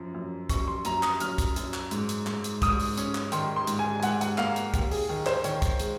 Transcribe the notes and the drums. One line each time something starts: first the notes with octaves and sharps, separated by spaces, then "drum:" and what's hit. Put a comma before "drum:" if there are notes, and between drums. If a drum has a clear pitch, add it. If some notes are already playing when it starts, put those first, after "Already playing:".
Already playing: F#2 F3
F#2
F#2 C#6, drum: kick, hi-hat
C6
F#2 A#5, drum: hi-hat
D#6, drum: clap
F#2 F6, drum: hi-hat
drum: kick, hi-hat
F#2, drum: hi-hat
drum: clap
G#2, drum: hi-hat
drum: hi-hat
G#2, drum: clap
drum: hi-hat
G#2 D#6, drum: kick, hi-hat
drum: open hi-hat
C#4, drum: hi-hat
drum: clap
D#3 C6, drum: hi-hat
C6
G#2, drum: hi-hat
G#5
G#5
G#2 F#5, drum: hi-hat
F#5, drum: hi-hat
A#3 F5, drum: clap
drum: hi-hat
D#2, drum: kick, hi-hat
G#4, drum: open hi-hat
D#3
C5, drum: clap
D#3 C#5, drum: hi-hat
drum: kick, hi-hat
G#3, drum: hi-hat